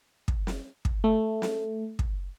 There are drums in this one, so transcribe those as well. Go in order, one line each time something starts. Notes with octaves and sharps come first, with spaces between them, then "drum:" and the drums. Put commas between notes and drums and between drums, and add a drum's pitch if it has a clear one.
drum: kick
drum: snare
drum: kick
A3
drum: snare
drum: kick